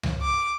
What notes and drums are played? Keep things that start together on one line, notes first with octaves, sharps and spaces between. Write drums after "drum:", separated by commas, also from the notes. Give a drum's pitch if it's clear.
drum: tom C#2
D6